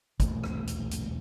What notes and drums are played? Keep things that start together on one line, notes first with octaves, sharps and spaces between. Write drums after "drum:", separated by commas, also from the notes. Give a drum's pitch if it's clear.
D#1 B1 E2 A3, drum: kick, hi-hat
drum: rim click
drum: hi-hat
drum: hi-hat